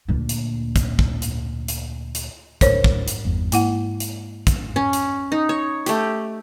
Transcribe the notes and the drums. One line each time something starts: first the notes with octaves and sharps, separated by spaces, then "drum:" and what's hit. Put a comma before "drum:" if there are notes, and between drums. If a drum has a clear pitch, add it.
D2 A#2
drum: hi-hat
drum: kick, hi-hat
drum: kick
drum: hi-hat
drum: hi-hat
drum: hi-hat
D1 D2 A2 A#4 C5 C#5, drum: kick, hi-hat
drum: kick
drum: hi-hat
G1 E2
G#2 A#3 E4 F#5, drum: hi-hat
drum: hi-hat
drum: kick, hi-hat
C#4
drum: hi-hat
D#4
C#5
A3 G4, drum: hi-hat